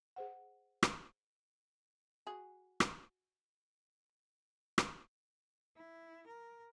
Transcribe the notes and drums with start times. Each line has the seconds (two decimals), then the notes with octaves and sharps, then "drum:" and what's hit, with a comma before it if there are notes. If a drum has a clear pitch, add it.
0.16 G#4 C5 F#5
0.83 drum: rim click
2.27 F#4 G#4
2.80 drum: rim click
4.78 drum: rim click
5.77 E4
6.27 A#4